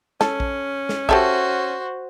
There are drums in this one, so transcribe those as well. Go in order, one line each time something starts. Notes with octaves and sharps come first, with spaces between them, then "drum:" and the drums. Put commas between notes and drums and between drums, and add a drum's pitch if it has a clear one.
C#4 A4, drum: snare
drum: kick A#1
drum: snare
F#4 G4 A4 C5 E5, drum: kick A#1